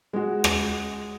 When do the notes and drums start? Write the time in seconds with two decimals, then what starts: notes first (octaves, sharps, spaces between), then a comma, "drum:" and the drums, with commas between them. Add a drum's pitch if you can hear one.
0.13 G#3 F#4
0.44 drum: rim click